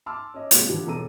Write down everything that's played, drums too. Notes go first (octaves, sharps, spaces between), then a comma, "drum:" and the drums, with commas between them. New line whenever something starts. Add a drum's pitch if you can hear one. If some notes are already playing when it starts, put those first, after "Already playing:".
A5 C6 D6 E6 F6
C#4 D#5
C3 F#3 G#3 A#3 F4 F#4, drum: hi-hat
D3 E3 F3 G3
E1 B2 A4 A#5 E6 D#7